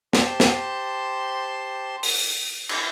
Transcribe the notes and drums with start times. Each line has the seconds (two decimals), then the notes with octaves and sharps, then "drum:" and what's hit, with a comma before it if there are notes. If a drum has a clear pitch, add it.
0.13 G4 C5 A5 C6, drum: snare
0.40 drum: snare
2.03 drum: open hi-hat
2.69 drum: cymbal